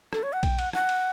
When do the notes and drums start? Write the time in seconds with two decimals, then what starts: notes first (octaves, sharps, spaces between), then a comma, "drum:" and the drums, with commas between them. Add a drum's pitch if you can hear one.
0.13 A4, drum: rim click
0.23 C#5
0.33 F#5
0.43 G5, drum: kick A#1, cymbal
0.59 F#5, drum: cymbal
0.73 F#5, drum: rim click
0.89 drum: cymbal